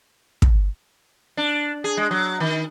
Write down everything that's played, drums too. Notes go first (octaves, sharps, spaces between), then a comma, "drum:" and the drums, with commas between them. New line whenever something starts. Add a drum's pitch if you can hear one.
drum: kick
D4
G#4
G#3
F#3
D#3